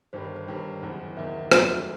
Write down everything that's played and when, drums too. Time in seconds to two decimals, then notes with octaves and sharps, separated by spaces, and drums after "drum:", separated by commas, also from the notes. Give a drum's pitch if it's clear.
0.13 G1 G2 D#3 G3 C5
0.24 C5
0.36 C5
0.48 G1 G2 D#3 G3
0.82 F#1 E2 D#3
1.17 F#1 E2 D#3 E5
1.51 F#1 E2 D#3 F#3 A3, drum: rim click